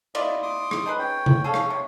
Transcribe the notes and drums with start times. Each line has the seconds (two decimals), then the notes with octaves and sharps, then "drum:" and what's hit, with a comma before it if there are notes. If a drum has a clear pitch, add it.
0.15 E4 F4 D5 D#5, drum: cymbal
0.42 C6 D6 D#6
0.71 drum: rim click
0.86 D#4 G#4 B4
0.99 C#4 C#5 G5
1.26 drum: tom C3
1.44 G#4 A4 C#5 F5
1.54 drum: rim click
1.70 C3 C#5